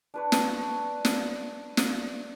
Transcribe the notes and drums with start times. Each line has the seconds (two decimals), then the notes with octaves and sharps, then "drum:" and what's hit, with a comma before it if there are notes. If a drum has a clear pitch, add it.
0.14 D4 B4 C#5
0.32 drum: snare
1.05 drum: snare
1.77 drum: snare